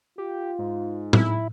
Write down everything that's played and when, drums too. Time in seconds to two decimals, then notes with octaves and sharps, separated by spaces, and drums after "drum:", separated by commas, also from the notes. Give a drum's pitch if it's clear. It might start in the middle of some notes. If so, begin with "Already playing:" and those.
0.18 F4 G4
0.59 G#2
1.13 E4, drum: tom A2